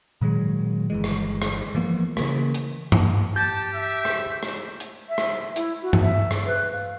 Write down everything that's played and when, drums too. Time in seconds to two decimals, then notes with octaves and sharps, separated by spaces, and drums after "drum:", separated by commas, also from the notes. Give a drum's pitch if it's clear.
0.21 A#2 D#3 F#3 G#3
0.90 G1 E3 G#3
1.04 drum: rim click
1.42 drum: rim click
1.75 E3 F3 A#3 B3
2.17 C#3 E3 A#3, drum: rim click
2.54 drum: hi-hat
2.92 drum: tom G2
3.36 G4 A5 G6 A6
3.74 E5
4.05 drum: rim click
4.43 drum: rim click
4.80 drum: hi-hat
5.09 E5
5.18 drum: rim click
5.56 E4, drum: hi-hat
5.83 F#4
5.93 drum: tom G2
6.03 E5
6.31 drum: rim click
6.46 B4
6.73 F5